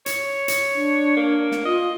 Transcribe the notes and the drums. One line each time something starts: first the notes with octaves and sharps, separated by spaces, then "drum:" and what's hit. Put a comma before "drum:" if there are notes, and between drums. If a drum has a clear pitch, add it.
C#5, drum: hi-hat
drum: hi-hat
D4
A#3
drum: snare
F4 D#5